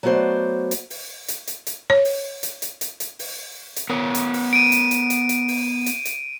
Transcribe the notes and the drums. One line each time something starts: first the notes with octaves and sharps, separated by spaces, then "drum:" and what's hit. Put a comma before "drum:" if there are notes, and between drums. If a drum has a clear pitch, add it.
F#3 A3 B3 F#4 C5 D5
drum: hi-hat
drum: open hi-hat
drum: hi-hat
drum: hi-hat
drum: hi-hat
C#5
drum: open hi-hat
drum: hi-hat
drum: hi-hat
drum: hi-hat
drum: hi-hat
drum: open hi-hat
drum: hi-hat
B3 A#4 C#5
drum: hi-hat
drum: open hi-hat
D7 D#7
drum: hi-hat
drum: hi-hat
drum: hi-hat
drum: hi-hat
drum: open hi-hat
drum: hi-hat
drum: hi-hat